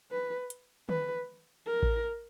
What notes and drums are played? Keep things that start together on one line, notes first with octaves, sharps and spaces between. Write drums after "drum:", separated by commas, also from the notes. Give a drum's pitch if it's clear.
B4
drum: hi-hat
B4, drum: tom D3
A#4
drum: kick A1